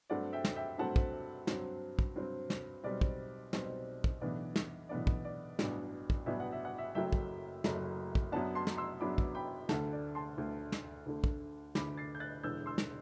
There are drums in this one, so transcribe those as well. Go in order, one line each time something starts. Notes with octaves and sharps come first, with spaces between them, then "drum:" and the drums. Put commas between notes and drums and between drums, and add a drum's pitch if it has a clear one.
G2 F#3 A3 C4 D5 F#5
E5 G5
drum: snare
E5 G5
G2 F#3 A3 C4 F#5 A5
drum: kick
G2 F#3 C4, drum: snare
drum: kick
G2 F#3 C4
drum: snare
B1 B2 G3 C4 D5
drum: kick
B1 B2 G3 C4, drum: snare
drum: kick
B1 A2 E3 B3 D4 D5
drum: snare
B1 A2 E3 B3 D4 D5
drum: kick
D5
A1 G2 F#3 B3 D4, drum: snare
drum: kick
A1 G2 F#3 B3 D4 E5
F#5
E5
F#5
E5
F#1 F#2 F#3 A3 E5 G5
drum: kick
F#1 F#2 F#3 A3, drum: snare
drum: kick
F#2 F#3 B3 D4 F#5 A5
A5 C6
drum: snare
C6 E6
F#2 F#3 B3 D4 B5 D6
drum: kick
G5 B5
D2 D3 A3 F#5 A5, drum: snare
D5
A5 C6
D2 D3 A3
drum: snare
D2 D3 A3
drum: kick
D2 D3 A3 B5 D6, drum: snare
A6 C7
G6
F#6 A6
E1 E2 D3 E6 G6
C6 E6
drum: snare